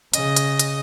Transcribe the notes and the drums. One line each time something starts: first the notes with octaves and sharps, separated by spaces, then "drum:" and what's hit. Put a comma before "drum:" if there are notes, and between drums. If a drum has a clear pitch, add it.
C#3 D#5, drum: hi-hat
drum: hi-hat
drum: hi-hat